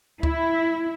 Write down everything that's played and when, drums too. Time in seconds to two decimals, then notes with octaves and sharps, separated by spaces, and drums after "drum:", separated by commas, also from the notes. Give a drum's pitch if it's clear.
0.23 E4, drum: kick D2